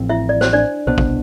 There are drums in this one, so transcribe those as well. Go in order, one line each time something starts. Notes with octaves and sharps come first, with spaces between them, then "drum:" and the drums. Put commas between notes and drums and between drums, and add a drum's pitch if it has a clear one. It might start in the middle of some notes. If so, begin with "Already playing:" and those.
Already playing: A1 A2 F3 C4
E4 E5
D5
C5, drum: snare
D4 D5
C2 B2 B3 D4 C5
drum: kick G#1